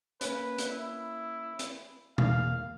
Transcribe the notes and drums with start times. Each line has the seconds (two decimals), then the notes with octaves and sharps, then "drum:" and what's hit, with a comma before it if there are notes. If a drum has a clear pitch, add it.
0.21 A#3 C#4 B4, drum: hi-hat
0.58 drum: hi-hat
0.70 E4
1.59 drum: hi-hat
2.18 E2 A#3 F5, drum: tom B2